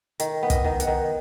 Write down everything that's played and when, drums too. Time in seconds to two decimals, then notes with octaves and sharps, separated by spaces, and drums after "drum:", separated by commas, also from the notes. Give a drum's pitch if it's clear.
0.20 D#3, drum: hi-hat
0.43 B3
0.50 D#5, drum: kick, hi-hat
0.65 D#3
0.80 F#5, drum: hi-hat
0.87 D#3